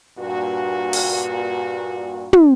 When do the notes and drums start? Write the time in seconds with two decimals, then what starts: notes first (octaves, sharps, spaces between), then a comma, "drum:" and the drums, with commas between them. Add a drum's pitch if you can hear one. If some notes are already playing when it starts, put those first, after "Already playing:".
0.18 G2 A#2 F#4
0.93 drum: open hi-hat
2.33 drum: tom